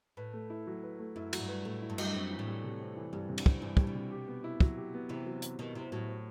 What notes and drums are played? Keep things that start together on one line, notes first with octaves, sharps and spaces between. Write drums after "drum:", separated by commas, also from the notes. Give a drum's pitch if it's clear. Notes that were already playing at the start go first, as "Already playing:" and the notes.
A2 B4
A3
E4
F#3
B4
A3
F#2 E4
F#3, drum: cymbal
G2
B4
A2 A3
E4
G2
F#3, drum: cymbal
F#2 C4
E3
A2
G3
C3
C4
E3
G2 G3
C3
F#2, drum: cymbal
C4, drum: kick
G2 E3
A2 G3, drum: kick
B2
C3
G4
B3
E4
F#3, drum: kick
G4
B3
C3 E3 E4
F#3
G4, drum: hi-hat
B2 D#3 B3
C3 E4
A2 F#3
C5